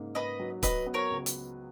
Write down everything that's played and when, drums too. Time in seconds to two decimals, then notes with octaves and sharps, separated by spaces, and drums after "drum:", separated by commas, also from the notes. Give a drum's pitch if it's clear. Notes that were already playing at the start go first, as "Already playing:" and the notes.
Already playing: G#2 C#3 A#3
0.15 G#2 B4 D#5
0.40 F#3
0.63 F#3 B4 D#5, drum: kick C#1, hi-hat
0.86 B3
0.94 A#4 C#5
1.10 C#2
1.26 drum: hi-hat